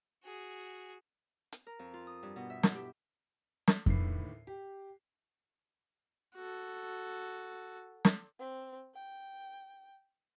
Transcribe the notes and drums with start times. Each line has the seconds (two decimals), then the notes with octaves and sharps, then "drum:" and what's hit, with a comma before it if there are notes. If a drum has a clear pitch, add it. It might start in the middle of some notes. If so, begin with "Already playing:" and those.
0.24 F#4 G#4
1.52 drum: hi-hat
1.67 A#4
1.79 F2
1.94 F4
2.07 D#6
2.23 G2
2.36 B2
2.50 E5
2.63 E4, drum: snare
2.74 G4
3.68 drum: snare
3.86 D#2 A2 D3 B4 C7, drum: kick F2
4.47 G4
6.35 F#4 A4
8.05 drum: snare
8.39 C4
8.95 G5